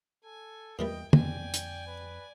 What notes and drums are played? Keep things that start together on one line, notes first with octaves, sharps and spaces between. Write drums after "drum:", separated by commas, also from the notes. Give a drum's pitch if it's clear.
A4 G#5
E2 A#2 E3 G3 D#5 G5
F2 D5 G5 G#5, drum: tom
drum: hi-hat
B4